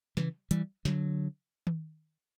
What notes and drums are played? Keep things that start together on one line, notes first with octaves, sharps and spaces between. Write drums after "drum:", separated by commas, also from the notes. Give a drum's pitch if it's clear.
C#3 E3, drum: snare
E3 G3, drum: hi-hat
D3 F#3, drum: snare
drum: tom D#3